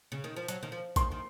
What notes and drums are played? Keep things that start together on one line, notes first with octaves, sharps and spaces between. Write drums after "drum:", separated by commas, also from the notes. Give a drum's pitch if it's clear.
C#3
D#3
F3
F#3, drum: hi-hat
D#3
F3
D#3 C6, drum: kick, hi-hat
D#3